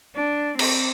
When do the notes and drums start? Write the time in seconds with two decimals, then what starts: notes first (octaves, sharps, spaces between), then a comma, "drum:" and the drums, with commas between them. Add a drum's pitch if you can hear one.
0.14 D4
0.59 C4, drum: cymbal